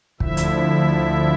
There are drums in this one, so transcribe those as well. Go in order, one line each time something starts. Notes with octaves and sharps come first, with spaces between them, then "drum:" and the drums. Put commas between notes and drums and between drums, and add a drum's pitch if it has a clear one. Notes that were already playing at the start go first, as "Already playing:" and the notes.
D2 D3 F3 E4 E5, drum: kick
drum: hi-hat